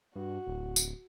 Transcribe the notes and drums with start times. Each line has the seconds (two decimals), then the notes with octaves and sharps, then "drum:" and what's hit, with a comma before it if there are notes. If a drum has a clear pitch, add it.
0.15 G2 F#4
0.47 D1
0.76 drum: tambourine